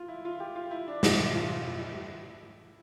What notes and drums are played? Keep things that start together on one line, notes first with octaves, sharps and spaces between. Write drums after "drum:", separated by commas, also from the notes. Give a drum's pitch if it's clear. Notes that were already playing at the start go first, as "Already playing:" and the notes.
Already playing: F4
E4
F4
G4
F4
E4
D4
E4, drum: snare
E4
F4
E4